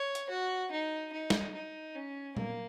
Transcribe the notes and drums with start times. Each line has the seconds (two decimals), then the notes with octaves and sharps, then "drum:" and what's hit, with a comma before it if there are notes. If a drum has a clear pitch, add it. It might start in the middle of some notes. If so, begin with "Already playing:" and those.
Already playing: C#5
0.15 drum: hi-hat
0.29 F#4
0.71 D#4
1.12 D#4
1.30 drum: snare
1.54 D#4
1.95 C#4
2.37 A#3, drum: tom